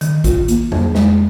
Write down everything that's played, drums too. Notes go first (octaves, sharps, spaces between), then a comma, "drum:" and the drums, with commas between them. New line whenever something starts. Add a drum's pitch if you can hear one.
D#3, drum: hi-hat
F4, drum: kick, hi-hat
A#3, drum: hi-hat
F2, drum: tom F#3
G#3, drum: snare